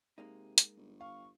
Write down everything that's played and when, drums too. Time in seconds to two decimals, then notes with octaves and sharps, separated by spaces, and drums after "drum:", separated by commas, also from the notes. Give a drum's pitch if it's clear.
0.18 C3 G#3 A#3 D#4
0.58 drum: hi-hat
0.76 G1
1.01 F5 C#6